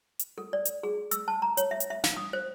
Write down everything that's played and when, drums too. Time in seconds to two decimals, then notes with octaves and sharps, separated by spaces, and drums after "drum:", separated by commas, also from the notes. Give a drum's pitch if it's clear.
0.19 drum: hi-hat
0.38 A4
0.53 D5
0.65 drum: hi-hat
0.83 G#4
1.11 E6, drum: hi-hat
1.28 A5
1.42 A#5
1.57 C#5, drum: hi-hat
1.71 E5
1.80 drum: hi-hat
1.90 E5
2.04 F5, drum: snare
2.16 D#6
2.33 C5